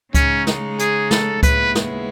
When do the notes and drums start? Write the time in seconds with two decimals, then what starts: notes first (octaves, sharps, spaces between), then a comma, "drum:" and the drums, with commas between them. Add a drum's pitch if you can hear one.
0.15 C#3 G#3 C#4 D#4, drum: kick C#2, hi-hat
0.47 drum: snare
0.79 G#4, drum: hi-hat
1.11 A4, drum: snare
1.43 D#2 C#3 G#3 B3 E4 B4, drum: kick C#2, hi-hat
1.75 drum: snare